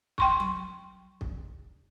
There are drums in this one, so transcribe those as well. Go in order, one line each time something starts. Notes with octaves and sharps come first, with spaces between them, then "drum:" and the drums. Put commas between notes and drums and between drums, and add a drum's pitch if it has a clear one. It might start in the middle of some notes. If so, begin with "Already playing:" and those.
G5 C6 C#6, drum: kick
drum: tom F#3
drum: kick